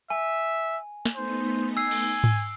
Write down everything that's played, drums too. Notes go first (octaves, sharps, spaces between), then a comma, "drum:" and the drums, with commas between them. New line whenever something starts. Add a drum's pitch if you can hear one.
E5 G#5
drum: snare
A3 B3 D#4 C5
G#5 E6 C7
drum: cymbal
drum: tom G#2